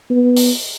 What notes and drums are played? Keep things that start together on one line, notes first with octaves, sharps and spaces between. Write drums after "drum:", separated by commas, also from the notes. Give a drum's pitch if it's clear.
B3
drum: open hi-hat